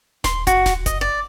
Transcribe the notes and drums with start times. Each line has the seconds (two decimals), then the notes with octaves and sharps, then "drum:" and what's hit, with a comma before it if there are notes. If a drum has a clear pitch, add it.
0.24 C6, drum: snare D#1
0.47 F#4, drum: kick F#1, hi-hat
0.66 drum: snare D#1
0.86 D#5, drum: kick F#1, hi-hat
1.01 D5